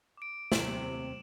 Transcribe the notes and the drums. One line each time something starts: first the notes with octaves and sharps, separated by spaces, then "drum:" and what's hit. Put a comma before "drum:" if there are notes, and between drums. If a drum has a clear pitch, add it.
D6 D7
D#2 C3 E7 F#7, drum: snare